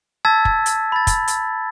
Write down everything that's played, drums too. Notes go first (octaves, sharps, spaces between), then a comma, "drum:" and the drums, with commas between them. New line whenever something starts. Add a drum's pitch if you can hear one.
A5 E6 G#6 A6 B6
drum: kick
drum: hi-hat
B5 A6
drum: kick, hi-hat
drum: hi-hat